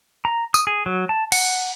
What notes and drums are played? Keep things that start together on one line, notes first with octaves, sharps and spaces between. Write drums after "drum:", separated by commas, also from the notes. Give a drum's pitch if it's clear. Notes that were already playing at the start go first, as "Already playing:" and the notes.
A#5
D#6, drum: tambourine
G#4
F#3
A5
F#5, drum: cymbal